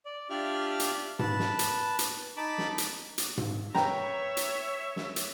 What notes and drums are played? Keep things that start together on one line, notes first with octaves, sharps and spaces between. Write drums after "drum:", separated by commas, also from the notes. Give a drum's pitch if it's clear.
D5
D4 F4 G4 D5 E5 F6
drum: hi-hat
B4 A5, drum: tom G#2
drum: snare
drum: hi-hat
drum: hi-hat
D#4 A5 B5 D6
drum: snare
drum: hi-hat
drum: hi-hat
drum: tom G#2
B4 C#5 E5 G5 A#5, drum: snare
drum: hi-hat
drum: snare
drum: hi-hat